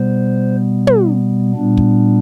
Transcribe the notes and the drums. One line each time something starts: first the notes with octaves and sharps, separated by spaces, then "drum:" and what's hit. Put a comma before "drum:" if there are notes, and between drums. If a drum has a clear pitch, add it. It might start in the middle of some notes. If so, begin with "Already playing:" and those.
Already playing: B2 G3 B3 C5
drum: tom
A#2 G3 B3 D4
drum: kick